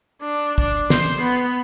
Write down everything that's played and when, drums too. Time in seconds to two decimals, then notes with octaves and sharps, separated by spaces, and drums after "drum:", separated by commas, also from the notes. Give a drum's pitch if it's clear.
0.21 D4
0.58 D4, drum: kick
0.90 C5, drum: snare
1.22 B3